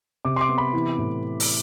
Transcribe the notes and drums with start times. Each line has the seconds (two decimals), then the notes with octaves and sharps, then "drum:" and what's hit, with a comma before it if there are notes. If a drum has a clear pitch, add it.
0.25 C3 D6
0.36 C6
0.41 D6
0.49 B3
0.58 B5
0.73 E3
0.98 A2
1.40 drum: open hi-hat